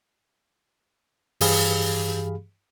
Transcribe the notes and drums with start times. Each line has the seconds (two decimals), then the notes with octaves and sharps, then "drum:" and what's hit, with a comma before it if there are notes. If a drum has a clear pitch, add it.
1.41 G2 E3 G4 G#4 F5 B5, drum: open hi-hat